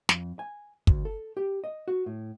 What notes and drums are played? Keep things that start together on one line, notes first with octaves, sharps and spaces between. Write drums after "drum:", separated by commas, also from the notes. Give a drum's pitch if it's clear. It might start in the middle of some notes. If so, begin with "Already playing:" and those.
F2, drum: snare
G#5
D2, drum: kick
A4
G4
D#5
F#4
A2